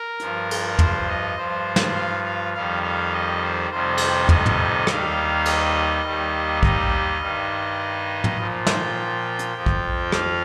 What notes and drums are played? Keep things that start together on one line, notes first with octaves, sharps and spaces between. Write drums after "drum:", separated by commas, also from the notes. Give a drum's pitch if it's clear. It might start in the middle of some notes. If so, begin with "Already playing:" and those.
Already playing: A#4
G2 F3, drum: hi-hat
drum: cymbal
C5, drum: tom
D#5
G2 F3 C5
drum: snare
F5
F5
F2 D#3 G3 F5
F5
D#5
C5
F2 C3 D#3 G3 C5
drum: cymbal
D#5, drum: tom
drum: tom
D#2 D#3 G3 F5, drum: rim click
D#5, drum: cymbal
D#2 D#3 G3
D#5, drum: kick B1
G2 D#3 G3
drum: tom
A#2 F3
G5, drum: snare
drum: hi-hat
F2 F3
drum: kick B1
F5, drum: rim click